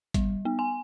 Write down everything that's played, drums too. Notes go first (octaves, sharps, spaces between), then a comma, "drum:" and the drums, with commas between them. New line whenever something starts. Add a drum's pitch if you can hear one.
G3, drum: kick G#1, hi-hat
B3
G#5